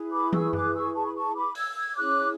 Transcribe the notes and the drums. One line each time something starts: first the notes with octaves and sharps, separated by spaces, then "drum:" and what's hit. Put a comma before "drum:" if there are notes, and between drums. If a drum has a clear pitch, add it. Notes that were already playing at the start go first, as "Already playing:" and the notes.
Already playing: E4 G#4 B4
B5 D6
C#6 E6, drum: tom
D6 F#6, drum: tom F#2
C#6 E6
A5 C#6
B5
A5 C#6
B5 D6
E6 G#6, drum: open hi-hat
E6 G#6
C#4 E4 G#4 C#5 D6 F#6